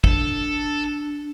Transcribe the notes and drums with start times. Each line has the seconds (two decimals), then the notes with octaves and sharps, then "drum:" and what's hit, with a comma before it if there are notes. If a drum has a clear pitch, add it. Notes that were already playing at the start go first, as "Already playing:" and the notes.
0.04 D4 A4, drum: kick